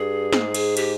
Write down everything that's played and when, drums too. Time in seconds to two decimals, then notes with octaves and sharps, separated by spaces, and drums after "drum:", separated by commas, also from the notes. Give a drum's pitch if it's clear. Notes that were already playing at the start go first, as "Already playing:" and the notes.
Already playing: G2 G#4
0.33 G#2, drum: snare
0.54 drum: cymbal
0.77 G4, drum: cymbal